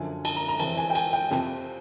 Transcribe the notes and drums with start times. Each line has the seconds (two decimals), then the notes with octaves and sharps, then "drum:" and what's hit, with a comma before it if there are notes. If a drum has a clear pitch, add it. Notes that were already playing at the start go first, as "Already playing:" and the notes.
Already playing: F#2 D3 F3 G#5
0.25 A5, drum: cymbal
0.36 A#5
0.48 A#5
0.59 F2 C3 E3 A5, drum: cymbal
0.78 G#5
0.90 G5
0.95 G#5, drum: cymbal
1.13 G5
1.31 F2 C3 F3, drum: snare